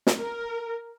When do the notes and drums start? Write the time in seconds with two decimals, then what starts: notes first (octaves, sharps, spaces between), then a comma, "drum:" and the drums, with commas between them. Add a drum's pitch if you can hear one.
0.07 drum: snare
0.21 A#4